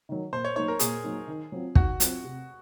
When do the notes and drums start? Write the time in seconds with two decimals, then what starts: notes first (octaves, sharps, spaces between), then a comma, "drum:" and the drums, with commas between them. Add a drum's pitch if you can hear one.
0.09 D#3 F#3
0.32 A#2 C5
0.45 C#5
0.56 F#3 A#3 D#4 C#5
0.68 A#4
0.79 A#2 G#4, drum: hi-hat
1.04 F#3 A#3 D#4
1.28 D#3
1.52 F#3 C4 F4
1.75 D#3 F#4, drum: kick
2.00 F#3 C4 F4, drum: hi-hat
2.24 C3